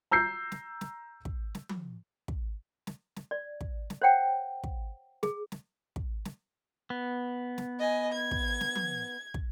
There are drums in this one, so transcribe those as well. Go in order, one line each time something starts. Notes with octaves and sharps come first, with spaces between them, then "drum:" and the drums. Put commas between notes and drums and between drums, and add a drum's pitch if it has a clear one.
A#5 E6 G6 C7
drum: snare
drum: snare
drum: kick
drum: snare
drum: tom F3
drum: kick
drum: snare
drum: snare
D5
drum: kick
drum: snare
C5 C#5 F#5 G5
drum: kick
G#4, drum: snare
drum: snare
drum: kick
drum: snare
B3
drum: snare
D#5 G#5
G#6
drum: kick
drum: snare
drum: tom F3
drum: kick